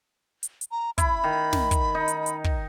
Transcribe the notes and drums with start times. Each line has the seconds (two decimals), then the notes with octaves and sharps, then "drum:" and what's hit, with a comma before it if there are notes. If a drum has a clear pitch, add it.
0.43 drum: hi-hat
0.61 drum: hi-hat
0.72 A#5
0.98 E4 B5, drum: kick, hi-hat
1.24 D#3
1.53 drum: snare
1.71 drum: kick, hi-hat
1.95 D#4
2.08 drum: hi-hat
2.26 drum: hi-hat
2.44 drum: kick